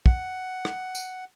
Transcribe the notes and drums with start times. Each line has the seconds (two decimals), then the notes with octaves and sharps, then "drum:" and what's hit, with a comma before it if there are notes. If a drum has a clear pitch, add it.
0.06 F#5, drum: kick
0.65 drum: rim click
0.95 drum: tambourine